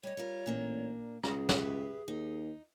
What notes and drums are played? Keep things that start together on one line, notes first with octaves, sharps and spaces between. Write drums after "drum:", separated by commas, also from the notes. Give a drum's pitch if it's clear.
G3 C#5 D#5
G3 F4 A#4
A1 A#2 A#3 D4
C#2 G#4, drum: rim click
G4 B4 E5, drum: snare
D#2 D#4